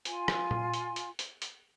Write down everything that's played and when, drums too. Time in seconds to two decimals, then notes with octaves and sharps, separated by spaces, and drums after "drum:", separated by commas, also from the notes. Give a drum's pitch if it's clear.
0.05 F4 G#5, drum: hi-hat
0.28 drum: rim click
0.51 drum: tom A#2
0.74 drum: hi-hat
0.96 drum: hi-hat
1.19 drum: hi-hat
1.42 drum: hi-hat